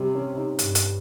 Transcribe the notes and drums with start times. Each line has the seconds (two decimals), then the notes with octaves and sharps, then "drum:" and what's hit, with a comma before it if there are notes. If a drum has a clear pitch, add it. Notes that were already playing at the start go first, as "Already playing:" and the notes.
Already playing: C3 G3
0.15 C#4
0.37 D#4
0.59 G2, drum: hi-hat
0.75 drum: hi-hat